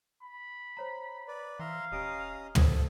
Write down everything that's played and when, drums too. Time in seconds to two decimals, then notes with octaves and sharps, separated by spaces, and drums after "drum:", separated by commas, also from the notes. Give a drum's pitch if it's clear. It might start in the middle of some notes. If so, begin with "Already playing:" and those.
0.23 B5
0.77 C5 C#5 A#5
1.28 B4 D5
1.59 E3 E5 F5 A#5 C6
1.92 D#1 C#4 G4 D#5 A#5 D#6 D7
2.55 D#3 A4 C5 A5 D#6 G#6, drum: tom